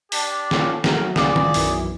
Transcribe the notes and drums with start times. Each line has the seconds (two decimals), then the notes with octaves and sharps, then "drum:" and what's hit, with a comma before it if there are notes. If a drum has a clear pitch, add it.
0.12 D4 G4, drum: open hi-hat
0.51 C#4 F4 A4, drum: snare
0.84 F#3 A3 A#4, drum: snare
1.16 C#2 F4 G#4 D5, drum: snare
1.36 drum: tom D#3
1.54 B1 F#2 E3, drum: open hi-hat